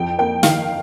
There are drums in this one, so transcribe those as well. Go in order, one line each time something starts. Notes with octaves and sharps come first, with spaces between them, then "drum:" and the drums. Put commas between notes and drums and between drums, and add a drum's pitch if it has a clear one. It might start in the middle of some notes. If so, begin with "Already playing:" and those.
Already playing: F2 G5
A#3 G5
D#3 F5, drum: snare